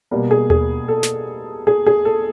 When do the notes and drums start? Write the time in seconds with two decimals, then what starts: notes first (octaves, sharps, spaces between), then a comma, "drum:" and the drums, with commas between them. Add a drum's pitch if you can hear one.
0.11 B2 G3 A#3
0.31 G#4
0.50 G#4, drum: tom D#2
0.88 A4
1.03 drum: snare
1.67 G#4
1.86 G#4
2.05 A4